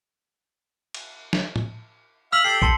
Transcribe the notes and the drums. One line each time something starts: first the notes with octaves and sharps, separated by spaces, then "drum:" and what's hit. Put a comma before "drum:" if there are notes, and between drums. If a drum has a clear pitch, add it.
drum: cymbal
drum: snare
drum: tom
E5 F5 E6 F6 B6 F#7
G4 A4 G5 C7
A5 C6 C#7, drum: kick